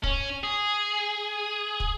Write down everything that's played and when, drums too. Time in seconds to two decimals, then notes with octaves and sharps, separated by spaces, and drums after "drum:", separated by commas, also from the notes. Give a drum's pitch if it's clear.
0.03 C#4, drum: kick
0.44 G#4
1.80 drum: kick